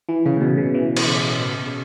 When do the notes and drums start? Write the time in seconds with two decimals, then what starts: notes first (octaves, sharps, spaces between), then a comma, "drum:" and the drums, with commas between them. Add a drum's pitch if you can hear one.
0.09 E3
0.26 C#3
0.37 A2
0.41 B2
0.57 C#3
0.74 E3
0.97 drum: cymbal
1.07 C#3
1.40 B2
1.66 C#3